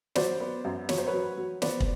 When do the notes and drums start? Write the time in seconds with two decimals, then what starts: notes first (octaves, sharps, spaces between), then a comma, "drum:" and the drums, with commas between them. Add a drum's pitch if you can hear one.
0.15 F#3 C5 D5, drum: snare
0.40 B3
0.65 F#2
0.89 F#3 C#5, drum: snare
0.98 C5
1.07 B4 C#5
1.13 F#3
1.38 F#3
1.62 B3 C5 D5, drum: snare
1.80 drum: kick